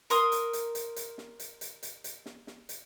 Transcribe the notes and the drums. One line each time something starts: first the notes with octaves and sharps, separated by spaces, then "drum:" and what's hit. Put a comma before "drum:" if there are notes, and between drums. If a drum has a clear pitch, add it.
A#4 C6 D#6, drum: hi-hat
drum: hi-hat
drum: hi-hat
drum: hi-hat
drum: hi-hat
drum: snare
drum: hi-hat
drum: hi-hat
drum: hi-hat
drum: hi-hat
drum: snare
drum: snare
drum: hi-hat